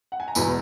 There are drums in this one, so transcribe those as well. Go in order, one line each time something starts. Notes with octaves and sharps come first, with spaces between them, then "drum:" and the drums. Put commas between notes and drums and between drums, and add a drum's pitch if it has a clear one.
F#5
G#5
A#5
E1 E2 B2 G#5 B5, drum: tambourine